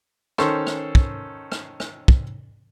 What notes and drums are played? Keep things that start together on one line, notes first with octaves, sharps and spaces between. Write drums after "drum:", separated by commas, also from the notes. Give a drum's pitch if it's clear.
D#3 C#4 A4 C5 C6 C#6, drum: rim click
drum: rim click
drum: kick
drum: rim click
drum: rim click
drum: kick